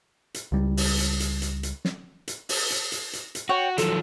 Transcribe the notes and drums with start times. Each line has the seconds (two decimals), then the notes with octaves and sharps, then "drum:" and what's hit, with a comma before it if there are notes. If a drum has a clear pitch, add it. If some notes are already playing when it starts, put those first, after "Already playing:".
0.34 drum: hi-hat
0.52 C#2 G3
0.77 drum: open hi-hat
0.99 drum: hi-hat
1.20 drum: hi-hat
1.42 drum: hi-hat
1.63 drum: hi-hat
1.85 drum: snare
2.28 drum: hi-hat
2.49 drum: open hi-hat
2.70 drum: hi-hat
2.92 drum: hi-hat
3.13 drum: hi-hat
3.35 drum: hi-hat
3.49 F#4 C#5 G5
3.78 D#3 F3 F#3 A4, drum: hi-hat